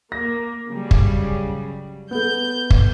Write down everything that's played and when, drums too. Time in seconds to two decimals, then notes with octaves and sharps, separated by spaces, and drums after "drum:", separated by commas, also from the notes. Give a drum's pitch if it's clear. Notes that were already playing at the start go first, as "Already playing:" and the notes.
0.12 A#3 A#6
0.68 C#3 F#3 G3
0.91 drum: kick
2.11 B3 A4 G6
2.70 drum: kick